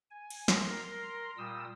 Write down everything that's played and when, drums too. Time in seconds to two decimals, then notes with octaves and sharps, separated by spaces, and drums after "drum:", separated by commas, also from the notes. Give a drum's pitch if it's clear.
0.10 G#5
0.30 drum: cymbal
0.48 A#4 A#5 C6, drum: snare
1.38 A#2 G3 D#6 E6